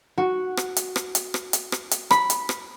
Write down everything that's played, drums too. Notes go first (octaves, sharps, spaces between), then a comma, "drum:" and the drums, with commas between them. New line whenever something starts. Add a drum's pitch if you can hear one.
F#4
drum: rim click
drum: hi-hat
drum: rim click
drum: hi-hat
drum: rim click
drum: hi-hat
drum: rim click
drum: hi-hat
B5, drum: rim click
drum: hi-hat
drum: rim click